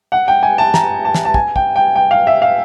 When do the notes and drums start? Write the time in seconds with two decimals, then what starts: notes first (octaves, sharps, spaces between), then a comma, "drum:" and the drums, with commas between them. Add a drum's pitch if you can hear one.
0.12 F#5
0.28 G5
0.43 G#5
0.58 A5
0.74 A#5, drum: snare
1.05 A5
1.15 drum: snare
1.25 A5
1.34 G#5, drum: kick
1.56 G5, drum: kick
1.76 G5
1.96 G5
2.11 F5
2.27 E5
2.42 F5